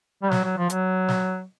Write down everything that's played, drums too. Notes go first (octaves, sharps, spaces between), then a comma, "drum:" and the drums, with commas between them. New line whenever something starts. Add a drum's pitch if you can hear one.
G3
F#3, drum: snare
F#3
F3
F#3, drum: hi-hat
drum: snare